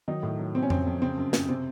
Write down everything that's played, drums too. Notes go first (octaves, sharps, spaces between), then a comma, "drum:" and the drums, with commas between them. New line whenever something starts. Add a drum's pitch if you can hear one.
D#3 F#3 D#4
A2
F#3
C3 C4
C#4
F2 C4, drum: tom F2
F2
C#3 C4
F#2
F#2, drum: snare
C3 C4